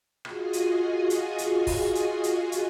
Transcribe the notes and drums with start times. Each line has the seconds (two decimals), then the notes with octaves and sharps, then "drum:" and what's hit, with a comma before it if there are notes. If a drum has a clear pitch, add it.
0.25 F4 F#4 G#4 D#5 G#5, drum: rim click
0.53 drum: hi-hat
1.10 drum: hi-hat
1.38 drum: hi-hat
1.67 drum: kick, open hi-hat
1.95 drum: hi-hat
2.24 drum: hi-hat
2.52 drum: hi-hat